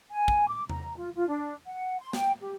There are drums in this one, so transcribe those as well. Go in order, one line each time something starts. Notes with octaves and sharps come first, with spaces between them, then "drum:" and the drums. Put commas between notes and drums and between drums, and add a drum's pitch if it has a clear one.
G#5
drum: kick
D6
A#5, drum: tom E2
F4
F4
D4
F#5
C6
G5, drum: snare
G4